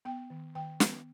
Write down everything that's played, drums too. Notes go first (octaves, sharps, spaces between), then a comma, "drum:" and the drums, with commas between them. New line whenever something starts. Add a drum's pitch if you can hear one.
B3 G5
D#3
D#3 G5
B3, drum: snare